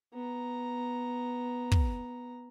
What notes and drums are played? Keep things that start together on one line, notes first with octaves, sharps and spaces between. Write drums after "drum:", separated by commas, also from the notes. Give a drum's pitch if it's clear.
B3 A#5
drum: kick